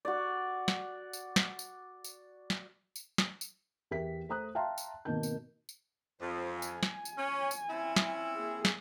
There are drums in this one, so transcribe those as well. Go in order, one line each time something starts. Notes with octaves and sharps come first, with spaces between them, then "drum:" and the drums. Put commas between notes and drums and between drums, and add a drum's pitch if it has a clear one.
F#4 D5
drum: snare
drum: tambourine
drum: snare
drum: tambourine
drum: tambourine
drum: snare
drum: tambourine
drum: snare
drum: tambourine
E2 G4 A#4 E5 B6
A3 C5 A#5 D#6 F#6
E5 F5 G5 A5 A#5 C6
drum: tambourine
G#1 B2 D#3 A#3 A5 G6
drum: tambourine
drum: tambourine
F2 C5
G#5, drum: tambourine
drum: snare
drum: tambourine
C#4
drum: tambourine
C4 C#4 E4
drum: snare
A#3 G#4
drum: snare